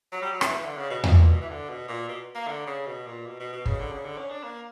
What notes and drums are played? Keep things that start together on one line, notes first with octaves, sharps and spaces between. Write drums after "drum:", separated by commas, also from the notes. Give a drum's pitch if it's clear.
F#3
G3
F#3
E3, drum: rim click
E3
D3
C#3
B2
B2, drum: tom E2
A#2
B2
E3
D3
B2
A#2
B2
A#3
D3
C#3
B2
A#2
B2
B2
B2
C#3, drum: kick
D3
C#3
D3
C#4
D4
A#3